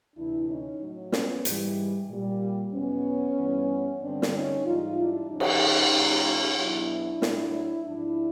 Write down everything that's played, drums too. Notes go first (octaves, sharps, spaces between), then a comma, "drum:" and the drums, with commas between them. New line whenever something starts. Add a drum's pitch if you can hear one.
D2 C3 E3 D4 E4
C#4 D#4
A2 F#3
B3 C#4, drum: snare
G#2 E3 G3, drum: hi-hat
A#2 G3
E2 B2 F#3 B3 C#4
G2 E3 G3
G2 D3 G3 C4 D4
drum: snare
C#4 D#4
G#2 E3 G3 D#4 F4
D4 E4
F2 C#3 F3 C#4 D#4
drum: cymbal
A2 F3
E2 B2 F#3 D4 E4
A2 F#3, drum: snare
G#2 F3 D4 E4